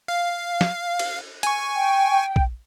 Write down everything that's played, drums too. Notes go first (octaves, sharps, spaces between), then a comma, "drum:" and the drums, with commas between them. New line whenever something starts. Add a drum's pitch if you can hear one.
F5
drum: snare
drum: cymbal
G#5 C#6, drum: hi-hat
G5
drum: kick